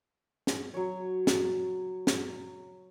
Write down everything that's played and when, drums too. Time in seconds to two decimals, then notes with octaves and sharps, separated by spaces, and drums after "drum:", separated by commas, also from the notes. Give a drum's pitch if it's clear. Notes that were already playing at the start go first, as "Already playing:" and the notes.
0.47 drum: snare
0.74 F#3 C#5
1.27 drum: snare
2.07 drum: snare